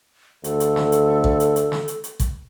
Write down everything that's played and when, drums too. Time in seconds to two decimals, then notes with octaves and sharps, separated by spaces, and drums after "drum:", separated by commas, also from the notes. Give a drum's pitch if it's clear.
0.44 D2 A4, drum: hi-hat
0.60 drum: hi-hat
0.76 drum: snare
0.92 drum: hi-hat
1.24 drum: kick
1.40 drum: hi-hat
1.56 drum: hi-hat
1.72 drum: snare
1.88 drum: hi-hat
2.04 drum: hi-hat
2.20 drum: kick, hi-hat